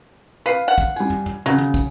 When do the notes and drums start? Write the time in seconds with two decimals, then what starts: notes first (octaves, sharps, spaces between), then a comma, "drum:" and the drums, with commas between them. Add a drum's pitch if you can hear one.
0.46 B4 F5 C7, drum: tambourine
0.68 F#5
0.78 drum: kick, tambourine
0.96 G3 G#5, drum: tambourine
1.10 drum: tom
1.26 drum: tom
1.46 C#3 F#3
1.58 drum: tom
1.74 drum: kick, tambourine